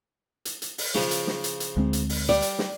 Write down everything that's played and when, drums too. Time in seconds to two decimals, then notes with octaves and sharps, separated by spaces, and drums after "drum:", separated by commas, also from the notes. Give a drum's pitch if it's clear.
0.45 drum: hi-hat
0.62 drum: hi-hat
0.78 drum: open hi-hat
0.95 C#3 F3, drum: snare
1.11 drum: hi-hat
1.27 drum: snare
1.44 drum: hi-hat
1.60 drum: hi-hat
1.77 D2 G#3 C4
1.93 drum: hi-hat
2.09 drum: open hi-hat
2.29 G3 D5
2.42 drum: hi-hat
2.59 drum: snare